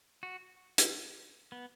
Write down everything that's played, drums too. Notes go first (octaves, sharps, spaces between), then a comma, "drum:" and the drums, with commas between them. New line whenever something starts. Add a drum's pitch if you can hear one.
F#4
drum: hi-hat
B3